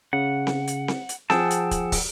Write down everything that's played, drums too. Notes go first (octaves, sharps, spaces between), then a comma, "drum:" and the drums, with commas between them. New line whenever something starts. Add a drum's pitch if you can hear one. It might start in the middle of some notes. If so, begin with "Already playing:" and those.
C#3 F#5
drum: snare C4
drum: hi-hat
drum: snare C4
drum: hi-hat
F3 G#4 F#5 G5 A5 E6, drum: snare C4
drum: hi-hat
drum: kick, hi-hat
drum: kick, open hi-hat